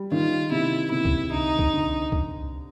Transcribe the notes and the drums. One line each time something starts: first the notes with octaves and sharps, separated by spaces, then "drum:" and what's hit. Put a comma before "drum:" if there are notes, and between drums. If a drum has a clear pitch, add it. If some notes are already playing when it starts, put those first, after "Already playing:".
Already playing: G3
D#3 F4
C3 E4
C3 E4
drum: kick
D3 D#4
drum: kick
D3
drum: kick